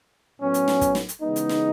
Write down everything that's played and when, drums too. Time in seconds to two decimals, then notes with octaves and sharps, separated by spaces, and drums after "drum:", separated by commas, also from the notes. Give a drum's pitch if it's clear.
0.40 A2 F#3 B3 C#4
0.54 drum: hi-hat
0.68 drum: snare
0.81 drum: kick, hi-hat
0.95 drum: snare
1.08 drum: hi-hat
1.22 C#3 E3 G#3 B3 D#4
1.36 drum: hi-hat
1.49 drum: snare